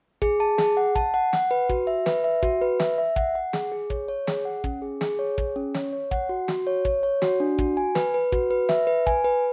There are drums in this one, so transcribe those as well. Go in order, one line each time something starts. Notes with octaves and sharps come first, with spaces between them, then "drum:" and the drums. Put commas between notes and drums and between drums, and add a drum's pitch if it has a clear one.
G#4, drum: kick
A5
G#4, drum: snare
F#5
A5, drum: kick
F#5
F#5, drum: snare
B4
F#4, drum: kick
E5
B4, drum: snare
E5
F#4, drum: kick
B4
E5, drum: snare
E5
F#5, drum: kick
F#5
G#4, drum: snare
G#4
C#5, drum: kick
C#5
G#4, drum: snare
F#5
C#4, drum: kick
G#4
G#4, drum: snare
C#5
G#4, drum: kick
C#4
C#5, drum: snare
C#5
F#5, drum: kick
F#4
F#4, drum: snare
C#5
C#5, drum: kick
C#5
F#4, drum: snare
D4
F#4, drum: kick
G#5
B4, drum: snare
B4
F#4, drum: kick
B4
E5, drum: snare
B4
G#5, drum: kick
B4